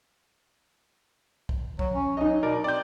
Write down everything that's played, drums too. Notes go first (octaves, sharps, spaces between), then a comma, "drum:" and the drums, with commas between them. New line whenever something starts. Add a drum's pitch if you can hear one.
drum: kick B1
F#3, drum: kick B1
C#4
F#3 D#4 D#5
B2 A#4 D5
C4 D5 G6